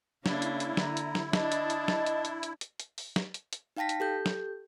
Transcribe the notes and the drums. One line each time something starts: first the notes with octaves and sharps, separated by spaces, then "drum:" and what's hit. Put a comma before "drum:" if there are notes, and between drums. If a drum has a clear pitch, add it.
C#3 A#3 D4 E4 F5, drum: snare
drum: hi-hat
drum: hi-hat
D3 A#5, drum: snare
drum: hi-hat
drum: snare
D4 D#5 A5, drum: snare
drum: hi-hat
drum: hi-hat
drum: snare
drum: hi-hat
drum: hi-hat
drum: hi-hat
drum: hi-hat
drum: hi-hat
drum: open hi-hat
drum: snare
drum: hi-hat
drum: hi-hat
D#4 F5 G5 A5 A#6 B6
drum: hi-hat
G4 A4 G6
drum: snare